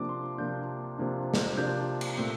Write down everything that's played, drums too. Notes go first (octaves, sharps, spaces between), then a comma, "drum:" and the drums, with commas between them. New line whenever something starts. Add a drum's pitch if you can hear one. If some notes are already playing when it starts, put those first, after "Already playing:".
Already playing: C3 F3 A#3 D4 D6
C6
C3 F3 A#3 D4 G6
C3 F3 A#3 D4
drum: snare
C3 F3 A#3 D4 G6
drum: cymbal
A#2 A3 C4